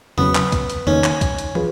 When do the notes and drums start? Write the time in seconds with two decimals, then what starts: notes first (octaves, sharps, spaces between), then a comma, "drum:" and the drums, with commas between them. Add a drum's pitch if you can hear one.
0.18 C#3 F#3 B3 C#4, drum: tom
0.35 drum: clap
0.52 drum: kick, hi-hat
0.70 drum: hi-hat
0.87 D#3 A#3 C#4 D#4, drum: tom
1.04 drum: clap
1.21 drum: kick, hi-hat
1.38 drum: hi-hat
1.55 F4 G#4 B4, drum: tom